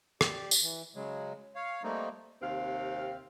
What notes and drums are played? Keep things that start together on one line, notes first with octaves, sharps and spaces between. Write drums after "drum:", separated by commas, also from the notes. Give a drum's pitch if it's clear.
G4 D5, drum: rim click
drum: tambourine
E3
C#3 F#3 G#3
C#5 F5
G3 A3 A#3 C4 D#4
D#2 C3 C4 F5